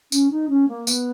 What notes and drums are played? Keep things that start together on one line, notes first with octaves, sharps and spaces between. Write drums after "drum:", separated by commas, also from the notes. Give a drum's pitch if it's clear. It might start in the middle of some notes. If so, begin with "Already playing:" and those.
C#4, drum: tambourine
D#4
C#4
A#3
B3, drum: tambourine